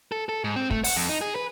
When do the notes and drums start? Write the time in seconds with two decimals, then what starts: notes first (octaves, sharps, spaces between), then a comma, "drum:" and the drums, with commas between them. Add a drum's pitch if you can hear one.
0.12 A4
0.29 A4
0.44 G#2
0.56 C4
0.71 A3, drum: kick
0.84 F#5, drum: open hi-hat
0.96 F2
1.09 D#4
1.21 G#4
1.36 B4